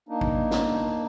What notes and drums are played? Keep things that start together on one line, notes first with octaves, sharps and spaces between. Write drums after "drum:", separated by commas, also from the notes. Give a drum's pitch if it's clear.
A#3 D4 D#4
drum: kick G#1
drum: snare